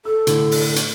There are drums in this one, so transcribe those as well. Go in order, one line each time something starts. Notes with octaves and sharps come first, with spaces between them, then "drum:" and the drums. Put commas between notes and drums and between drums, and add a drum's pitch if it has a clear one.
A4 E6
A2 D3, drum: hi-hat
drum: open hi-hat
drum: hi-hat